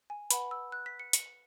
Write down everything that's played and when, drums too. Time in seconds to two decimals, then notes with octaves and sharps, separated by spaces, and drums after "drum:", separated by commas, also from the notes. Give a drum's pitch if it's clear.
0.10 G#5
0.31 B4 F#5 B5, drum: hi-hat
0.51 E6
0.72 F#6
0.86 B6
0.99 C#7
1.13 C#7, drum: hi-hat